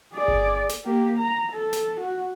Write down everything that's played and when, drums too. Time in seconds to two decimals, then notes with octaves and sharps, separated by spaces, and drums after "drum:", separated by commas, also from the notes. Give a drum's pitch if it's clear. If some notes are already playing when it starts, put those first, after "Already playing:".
0.13 G#4 D5
0.28 drum: kick G1
0.69 drum: snare
0.85 A#3 G4
1.18 A#5
1.52 A4
1.73 drum: snare
2.00 F#4